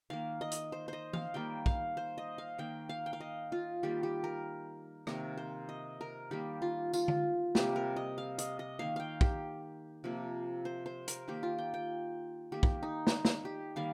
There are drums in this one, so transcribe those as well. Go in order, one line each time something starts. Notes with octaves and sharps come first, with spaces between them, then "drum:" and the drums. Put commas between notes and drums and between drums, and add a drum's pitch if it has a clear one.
D#3 A#3 F5
D#5
drum: hi-hat
C5
C5 D#5
F5, drum: tom
D#3 G3 A#3 G5
F5, drum: kick
C5
D#5
F5
D#3 A#3 G5
F5
G5
F5
D#5
F4
D#3 G3 A#3 G4
G4
A#4
C3 D#3 A#3 A#4, drum: rim click
C5
D#5
A#4
D#3 G3 A#3 G4
F4
F4, drum: tambourine
drum: tom D3
C3 G3 A#3 G4, drum: snare
A#4
D#5
F5
D#5, drum: hi-hat
D#5
D#3 A#3 F5
F5 G5
G4, drum: kick
C3 F3 A#3
C5
C5
A#4, drum: hi-hat
D#3 A#3 G4
F4
G5
G5
D#3 A#3 G4
drum: kick
D#4
drum: snare
drum: snare
G4
D#3 G3 A#3 F5